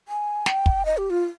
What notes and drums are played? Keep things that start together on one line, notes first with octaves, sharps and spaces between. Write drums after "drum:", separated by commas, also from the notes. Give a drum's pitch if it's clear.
G#5
G5, drum: snare
drum: kick
D#5
G4
F4